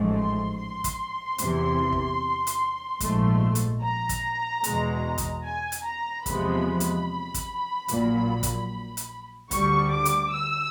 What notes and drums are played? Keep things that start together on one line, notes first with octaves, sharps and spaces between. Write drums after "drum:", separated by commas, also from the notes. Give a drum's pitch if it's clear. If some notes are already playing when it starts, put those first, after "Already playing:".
Already playing: A1 G#2 F3 A3
C6
C6
drum: kick, hi-hat
E2 C3 E3, drum: hi-hat
drum: kick
drum: hi-hat
A#1 G#2 F3 A3, drum: kick, hi-hat
drum: hi-hat
A#5
drum: kick, hi-hat
E2 B2 G#3, drum: hi-hat
drum: kick, hi-hat
G#5
drum: hi-hat
A#5
E2 C3 F3 G#3 B3 B5, drum: kick, hi-hat
drum: hi-hat
drum: kick, hi-hat
A#1 A#2 F#3, drum: hi-hat
drum: kick, hi-hat
drum: hi-hat
D2 D3 G3 C#6, drum: kick, hi-hat
D6
drum: hi-hat
E6